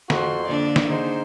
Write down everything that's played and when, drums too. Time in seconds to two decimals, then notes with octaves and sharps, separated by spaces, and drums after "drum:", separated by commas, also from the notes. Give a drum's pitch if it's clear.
0.10 F2 F#4 C6, drum: snare
0.48 D3 A#3 D4 D5
0.76 drum: snare
0.89 G#2 G#3 D#4 C5